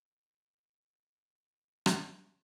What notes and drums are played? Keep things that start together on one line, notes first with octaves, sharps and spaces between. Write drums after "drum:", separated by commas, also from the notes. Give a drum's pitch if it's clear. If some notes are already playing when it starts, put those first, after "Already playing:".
C5
F#3
drum: rim click
F#3